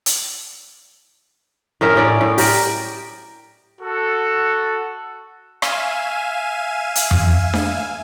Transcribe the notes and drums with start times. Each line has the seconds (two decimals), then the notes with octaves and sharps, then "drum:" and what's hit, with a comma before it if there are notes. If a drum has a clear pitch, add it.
0.06 drum: hi-hat
1.81 A2 C#4 A#4 E5
1.96 A2 C#4 D5
2.21 A2
2.38 G4 A#4 D5, drum: open hi-hat
3.81 F#4 A4
5.62 E5 F5 G#5 D#7 E7, drum: rim click
6.95 drum: hi-hat
7.11 drum: tom F2
7.53 drum: snare D4